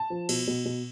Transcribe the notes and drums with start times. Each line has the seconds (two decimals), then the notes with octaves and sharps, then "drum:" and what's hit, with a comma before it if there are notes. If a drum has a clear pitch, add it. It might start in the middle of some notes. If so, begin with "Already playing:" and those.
Already playing: A5
0.10 F3
0.29 B2, drum: cymbal
0.47 B2
0.65 B2